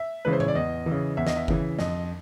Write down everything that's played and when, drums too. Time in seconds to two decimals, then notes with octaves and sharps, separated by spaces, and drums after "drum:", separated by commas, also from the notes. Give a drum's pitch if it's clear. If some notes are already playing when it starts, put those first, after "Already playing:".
Already playing: E5
0.25 C#3 E3 G#3 B4
0.33 C5
0.40 C#5, drum: tom A2
0.48 D5
0.55 E2 D#5
0.86 E3
0.91 C#3
1.17 E2 E5
1.27 D#5, drum: snare
1.36 E5
1.48 C#3 E3, drum: kick F#1
1.79 F2 D#5, drum: snare